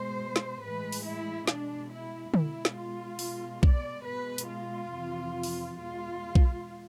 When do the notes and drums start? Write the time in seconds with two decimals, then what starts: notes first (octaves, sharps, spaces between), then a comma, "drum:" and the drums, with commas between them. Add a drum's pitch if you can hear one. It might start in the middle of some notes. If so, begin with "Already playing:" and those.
Already playing: B2 G#3 C5
0.36 drum: snare
0.61 A2 E3 G#3 B4
0.92 drum: open hi-hat
1.05 E4
1.47 B2 G#3 D4, drum: snare
1.91 E4
2.34 B2 G#3 E4, drum: tom D3
2.65 drum: snare
2.77 F4
3.19 B2 G#3, drum: open hi-hat
3.63 D5, drum: kick B1
4.05 B2 G#3 B4
4.38 drum: hi-hat
4.49 F4
4.91 F2 C3 E3
5.43 drum: open hi-hat
5.78 E2 B2 G#3 F4
6.35 drum: kick B1